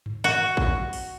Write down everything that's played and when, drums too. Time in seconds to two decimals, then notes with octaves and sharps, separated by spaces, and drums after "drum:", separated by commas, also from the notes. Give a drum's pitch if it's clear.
0.06 drum: tom G2
0.24 F#4
0.57 drum: kick
0.93 drum: open hi-hat